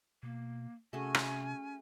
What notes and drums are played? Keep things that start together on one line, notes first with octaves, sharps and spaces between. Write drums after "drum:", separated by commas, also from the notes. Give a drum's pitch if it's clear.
B2 A#3
C3 A3 C#4 F#4 G#4 G#5
drum: rim click